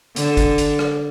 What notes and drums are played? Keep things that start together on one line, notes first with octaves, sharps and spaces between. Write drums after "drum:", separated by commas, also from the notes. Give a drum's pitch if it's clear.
D3, drum: hi-hat
drum: kick G1, hi-hat
drum: hi-hat
drum: rim click